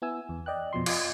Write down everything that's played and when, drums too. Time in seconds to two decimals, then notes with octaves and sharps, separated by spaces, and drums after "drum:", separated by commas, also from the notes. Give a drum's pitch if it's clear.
0.02 B3 E4 G#5 E6
0.29 E2
0.46 D5 D#5 G5 F#6
0.73 F2 B2 F3 C6
0.86 F4 D#5, drum: cymbal